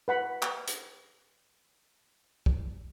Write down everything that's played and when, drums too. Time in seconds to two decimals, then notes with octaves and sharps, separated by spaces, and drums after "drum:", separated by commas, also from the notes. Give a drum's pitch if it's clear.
0.08 B4 F#5 B5
0.42 drum: clap
0.67 drum: hi-hat
2.46 drum: kick